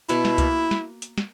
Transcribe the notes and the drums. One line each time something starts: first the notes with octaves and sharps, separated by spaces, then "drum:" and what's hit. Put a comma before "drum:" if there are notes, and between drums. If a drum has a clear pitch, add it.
B2 E4 F#4 D6, drum: hi-hat
drum: snare
A#3, drum: kick C2, hi-hat
drum: snare
drum: hi-hat
drum: snare